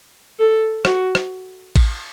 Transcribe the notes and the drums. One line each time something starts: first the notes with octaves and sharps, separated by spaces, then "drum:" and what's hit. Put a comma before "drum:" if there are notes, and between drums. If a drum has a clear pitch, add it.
A4
F#4, drum: rim click
drum: rim click
drum: kick A1, cymbal